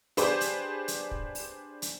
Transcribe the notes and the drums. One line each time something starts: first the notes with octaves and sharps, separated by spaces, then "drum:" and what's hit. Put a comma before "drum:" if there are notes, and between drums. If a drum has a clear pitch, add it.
D4 G4 G#4 B4 C5, drum: hi-hat
drum: hi-hat
drum: hi-hat
drum: kick
drum: open hi-hat
drum: hi-hat